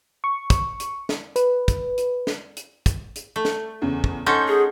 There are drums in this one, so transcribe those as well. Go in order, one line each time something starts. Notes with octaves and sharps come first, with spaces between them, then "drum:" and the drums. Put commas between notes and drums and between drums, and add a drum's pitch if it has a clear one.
C#6
drum: kick, hi-hat
drum: hi-hat
drum: snare
B4, drum: hi-hat
drum: kick, hi-hat
drum: hi-hat
drum: snare
drum: hi-hat
drum: kick, hi-hat
drum: hi-hat
A3
drum: snare
E2 C#3
drum: kick
C#4 D#4 A4 F#5 C6 G6
G#4